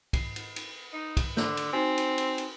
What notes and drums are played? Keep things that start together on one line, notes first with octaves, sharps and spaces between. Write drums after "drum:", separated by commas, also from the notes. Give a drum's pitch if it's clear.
C7, drum: kick, cymbal
drum: cymbal
drum: cymbal
D#4
drum: kick, cymbal
D3 G6, drum: snare
drum: cymbal
C4 D#4 F#4 G#5
drum: cymbal
drum: cymbal
drum: cymbal